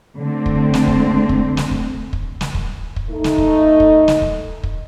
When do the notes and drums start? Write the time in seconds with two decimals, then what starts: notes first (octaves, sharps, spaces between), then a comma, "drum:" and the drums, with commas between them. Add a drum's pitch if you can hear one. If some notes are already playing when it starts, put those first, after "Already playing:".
0.17 D3 A3 C4
0.46 drum: kick
0.74 drum: snare
0.87 drum: kick
1.29 drum: kick
1.57 drum: snare
1.71 drum: kick
2.13 drum: kick
2.41 drum: snare
2.55 drum: kick
2.96 drum: kick
3.10 A3 D#4
3.24 drum: snare
3.38 drum: kick
3.80 drum: kick
4.08 drum: snare
4.22 drum: kick
4.63 drum: kick